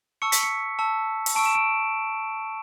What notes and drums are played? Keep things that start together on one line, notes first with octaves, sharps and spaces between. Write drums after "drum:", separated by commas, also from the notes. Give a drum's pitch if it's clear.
A5 C#6 E6 C#7
B6, drum: hi-hat
C#7
A5 C#6 E6
drum: open hi-hat
A5 C#6 E6 D7
E7
D7